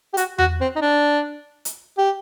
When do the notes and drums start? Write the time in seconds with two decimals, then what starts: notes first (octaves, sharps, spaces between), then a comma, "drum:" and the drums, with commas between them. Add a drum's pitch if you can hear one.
0.13 G4
0.17 F#4, drum: hi-hat
0.38 F#4, drum: tom E2
0.61 C4
0.76 D#4
0.81 D4
1.65 drum: hi-hat
1.98 G4